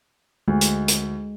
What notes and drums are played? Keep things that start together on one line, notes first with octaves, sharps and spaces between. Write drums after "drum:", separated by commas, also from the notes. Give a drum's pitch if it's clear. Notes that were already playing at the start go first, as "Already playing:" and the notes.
D2 G#3
drum: hi-hat
drum: hi-hat